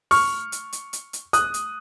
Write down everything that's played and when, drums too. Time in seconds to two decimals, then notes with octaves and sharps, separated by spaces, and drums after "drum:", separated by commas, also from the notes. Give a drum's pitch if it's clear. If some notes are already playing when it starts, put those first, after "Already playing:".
0.11 C#6 F6, drum: open hi-hat
0.52 drum: hi-hat
0.73 drum: hi-hat
0.93 drum: hi-hat
1.13 drum: hi-hat
1.33 D#6 F#6, drum: hi-hat
1.54 drum: hi-hat